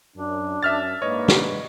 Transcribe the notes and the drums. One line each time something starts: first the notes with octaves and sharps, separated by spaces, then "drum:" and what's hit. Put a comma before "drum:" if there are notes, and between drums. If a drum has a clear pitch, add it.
F#2 D4
F#2 E5 F6 A6
G#2 A#3 D4 B4 C#5 D#5
drum: snare